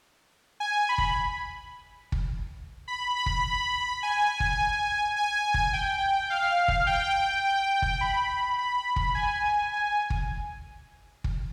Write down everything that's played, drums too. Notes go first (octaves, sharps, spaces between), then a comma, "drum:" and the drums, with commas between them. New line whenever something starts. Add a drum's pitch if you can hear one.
G#5
B5
drum: kick
drum: kick
B5
B5
drum: kick
G#5
drum: kick
G#5
drum: kick
G5
F5
drum: kick
G5
G5
drum: kick
B5
B5
drum: kick
G#5
G#5
drum: kick
drum: kick